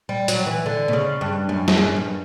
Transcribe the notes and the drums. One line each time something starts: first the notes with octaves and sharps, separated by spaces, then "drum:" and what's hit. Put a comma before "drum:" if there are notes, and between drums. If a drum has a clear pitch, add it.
G3
F#3, drum: hi-hat
E3
D3
B2
C#3
G2
F#2
drum: snare
F#2
G2